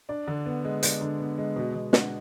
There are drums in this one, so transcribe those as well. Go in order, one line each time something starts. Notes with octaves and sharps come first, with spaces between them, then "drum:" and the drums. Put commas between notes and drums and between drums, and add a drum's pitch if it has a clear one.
D4 D5
D3
B3
G#3
D4, drum: hi-hat
D3
B3
G#3
B2
B2
D4 F#5, drum: snare